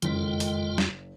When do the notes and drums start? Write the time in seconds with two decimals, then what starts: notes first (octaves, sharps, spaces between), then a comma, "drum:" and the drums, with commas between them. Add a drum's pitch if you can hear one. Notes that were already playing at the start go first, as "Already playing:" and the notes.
0.02 F#1 F2 D3 D#3 G#3 F4 G5 B6, drum: hi-hat
0.40 drum: open hi-hat
0.78 drum: snare